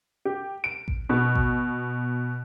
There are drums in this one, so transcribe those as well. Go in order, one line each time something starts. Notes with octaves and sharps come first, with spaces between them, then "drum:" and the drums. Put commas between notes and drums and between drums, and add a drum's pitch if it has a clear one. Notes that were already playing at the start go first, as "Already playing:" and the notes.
G4
D7
drum: kick A1
B2
drum: kick A1